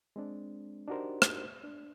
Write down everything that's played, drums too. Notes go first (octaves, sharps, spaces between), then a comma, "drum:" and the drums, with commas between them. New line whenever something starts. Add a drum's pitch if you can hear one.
G#3 C4 D4
D4 D#4 F#4 G4 A#4 C5
drum: rim click
D4